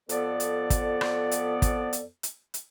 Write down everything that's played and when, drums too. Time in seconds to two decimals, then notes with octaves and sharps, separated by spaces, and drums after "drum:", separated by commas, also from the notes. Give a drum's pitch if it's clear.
0.09 F2 B3 A4 D5, drum: hi-hat
0.40 drum: hi-hat
0.70 drum: kick, hi-hat
1.01 drum: rim click
1.31 drum: hi-hat
1.62 drum: kick, hi-hat
1.93 drum: hi-hat
2.23 drum: hi-hat
2.54 drum: hi-hat